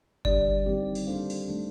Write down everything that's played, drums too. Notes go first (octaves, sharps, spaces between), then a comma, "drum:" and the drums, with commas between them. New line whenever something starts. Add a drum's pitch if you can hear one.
D3 G3 D4 G4 D5, drum: kick G1
D#3 G3 C4 G4
drum: open hi-hat
A#3 D4 A4 C5 F5
drum: open hi-hat
D#3 A3 D4